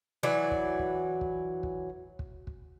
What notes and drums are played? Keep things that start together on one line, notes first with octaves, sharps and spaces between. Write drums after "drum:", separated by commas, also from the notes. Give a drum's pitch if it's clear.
E3 F#3 D5
drum: kick
drum: kick
drum: kick
drum: kick
drum: kick
drum: kick